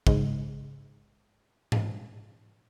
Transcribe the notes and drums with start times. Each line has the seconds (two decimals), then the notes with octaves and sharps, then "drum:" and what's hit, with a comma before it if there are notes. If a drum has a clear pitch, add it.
0.07 G#2 C#3 G#3, drum: kick
1.72 drum: tom G#2